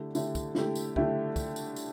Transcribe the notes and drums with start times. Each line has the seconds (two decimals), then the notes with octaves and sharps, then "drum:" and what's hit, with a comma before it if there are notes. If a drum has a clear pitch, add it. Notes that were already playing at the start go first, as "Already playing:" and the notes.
Already playing: D3 A3 E4 G4
0.15 D3 A3 E4 G4, drum: tambourine
0.35 drum: kick, tambourine
0.55 D3 A3 E4 G4, drum: snare
0.75 drum: tambourine
0.96 D3 A3 E4 G4, drum: kick
1.36 drum: kick, tambourine
1.56 drum: tambourine
1.76 drum: tambourine